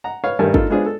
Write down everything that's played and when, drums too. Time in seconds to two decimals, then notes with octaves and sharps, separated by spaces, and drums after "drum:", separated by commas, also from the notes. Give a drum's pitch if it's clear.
0.04 F#5 A#5
0.24 B4 C#5 F5
0.39 G2 D#3 G3 A3 A#4 G#5
0.54 A#3 D4 D#4 F4 A4 A#4, drum: kick
0.70 G#3 B3 D4 F4 G#4 C5
0.86 A4